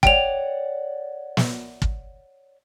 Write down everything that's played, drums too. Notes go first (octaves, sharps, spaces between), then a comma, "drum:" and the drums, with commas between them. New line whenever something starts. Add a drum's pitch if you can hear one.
C#5 D5 F#5 G5 F7, drum: kick
drum: snare
drum: kick